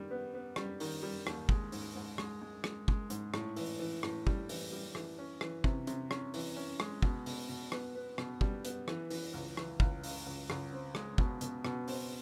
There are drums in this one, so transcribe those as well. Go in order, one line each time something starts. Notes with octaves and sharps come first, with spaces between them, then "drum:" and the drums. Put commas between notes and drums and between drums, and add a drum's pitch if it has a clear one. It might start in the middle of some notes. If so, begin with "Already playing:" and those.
Already playing: D#3 G3
B3
B3
G3, drum: rim click
D#3, drum: open hi-hat
G3
D#2, drum: rim click
G#3, drum: kick
G#2, drum: open hi-hat
G#2
G#3, drum: rim click
G#3
G#3, drum: rim click
G#3, drum: kick
G#2, drum: hi-hat
A2, drum: rim click
E3, drum: open hi-hat
E3
A2, drum: rim click
G3, drum: kick
E3, drum: open hi-hat
G3
E3, drum: rim click
C#4
E3, drum: rim click
C3, drum: kick
C3, drum: hi-hat
C#4, drum: rim click
E3, drum: open hi-hat
C#4
G#3, drum: rim click
B2, drum: kick
B2, drum: open hi-hat
B2
B3, drum: rim click
B3
B2, drum: rim click
G3, drum: kick
B3, drum: hi-hat
E3, drum: rim click
E3, drum: open hi-hat
C#2
E3, drum: rim click
C#2, drum: kick
C#3, drum: open hi-hat
C#2
C#2, drum: rim click
C4
G#3, drum: rim click
B2, drum: kick
B2, drum: hi-hat
B2, drum: rim click
C4, drum: open hi-hat